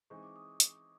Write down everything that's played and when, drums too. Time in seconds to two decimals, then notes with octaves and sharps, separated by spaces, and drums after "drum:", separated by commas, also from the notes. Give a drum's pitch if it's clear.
0.10 E3 G#3 C4 D#4 C#6
0.23 D6
0.36 D#6
0.60 drum: hi-hat